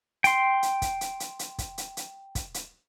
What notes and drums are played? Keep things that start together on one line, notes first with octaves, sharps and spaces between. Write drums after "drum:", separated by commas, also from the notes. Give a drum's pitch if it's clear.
G5 C6, drum: hi-hat
drum: hi-hat
drum: kick, hi-hat
drum: hi-hat
drum: hi-hat
drum: hi-hat
drum: kick, hi-hat
drum: hi-hat
drum: hi-hat
drum: kick, hi-hat
drum: hi-hat